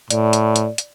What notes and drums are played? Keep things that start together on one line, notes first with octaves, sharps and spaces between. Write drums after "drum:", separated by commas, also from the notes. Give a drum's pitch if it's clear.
A2 D5, drum: hi-hat
drum: hi-hat
drum: hi-hat
drum: hi-hat